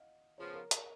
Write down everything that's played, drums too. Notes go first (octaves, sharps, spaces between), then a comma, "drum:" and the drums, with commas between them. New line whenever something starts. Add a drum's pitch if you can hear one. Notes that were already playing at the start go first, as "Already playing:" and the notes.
Already playing: D#5 F5 F#5
C#3 F3 B3 C#5
A#4
A#4, drum: hi-hat